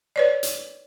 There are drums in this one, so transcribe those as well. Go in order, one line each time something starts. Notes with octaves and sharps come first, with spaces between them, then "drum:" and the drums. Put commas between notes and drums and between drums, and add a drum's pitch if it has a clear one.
B4 C#5 D5
drum: hi-hat